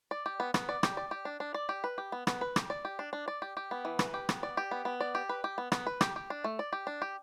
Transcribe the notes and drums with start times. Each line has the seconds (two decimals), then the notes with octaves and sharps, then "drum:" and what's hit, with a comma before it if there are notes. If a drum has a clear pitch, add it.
0.11 D5
0.26 G4
0.40 B3
0.54 B3, drum: rim click
0.69 D5
0.83 G4, drum: rim click
0.97 D5
1.11 G4
1.25 D4
1.40 D4
1.54 D5
1.69 G4
1.84 B4
1.98 G4
2.12 B3
2.27 B3, drum: rim click
2.41 B4
2.56 G4, drum: rim click
2.70 D5
2.85 G4
2.99 D4
3.13 D4
3.28 D5
3.42 G4
3.57 G4
3.71 B3
3.85 E3
3.99 B4, drum: rim click
4.14 G4
4.29 B3, drum: rim click
4.43 D5
4.57 G4
4.71 B3
4.85 B3
5.01 D5
5.15 G4
5.29 B4
5.44 G4
5.58 B3
5.72 B3, drum: rim click
5.87 B4
6.01 G4, drum: rim click
6.16 G4
6.30 D4
6.44 A3
6.59 D5
6.73 G4
6.87 D4
7.02 G4